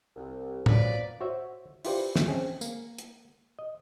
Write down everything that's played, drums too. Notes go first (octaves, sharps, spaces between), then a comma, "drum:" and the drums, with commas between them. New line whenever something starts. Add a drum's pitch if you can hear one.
C2
F3 F#3 A#3 B4 D5, drum: tom A2
F#4 C5 C#5 E5
E4 F4 G4 B4 C5 D5, drum: open hi-hat
drum: snare
C4 C#4 G#4
A#3, drum: tambourine
drum: hi-hat
D#5